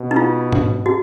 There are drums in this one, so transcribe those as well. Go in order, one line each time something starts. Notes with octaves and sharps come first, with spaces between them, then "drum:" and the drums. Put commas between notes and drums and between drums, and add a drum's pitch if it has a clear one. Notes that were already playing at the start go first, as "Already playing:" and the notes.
Already playing: B2
D#4
F4
drum: tom
F#4